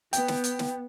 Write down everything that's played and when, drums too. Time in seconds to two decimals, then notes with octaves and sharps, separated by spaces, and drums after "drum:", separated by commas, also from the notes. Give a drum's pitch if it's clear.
0.13 B3 G5, drum: hi-hat
0.28 drum: snare
0.44 drum: hi-hat
0.59 drum: snare